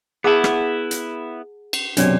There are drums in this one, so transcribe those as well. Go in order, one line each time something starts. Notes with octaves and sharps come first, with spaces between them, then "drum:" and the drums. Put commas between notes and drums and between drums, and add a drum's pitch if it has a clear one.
B3 E4 G#4 F#5 A5
drum: rim click
drum: hi-hat
drum: cymbal
B1 F#2 C3 D4 C#5 D5, drum: hi-hat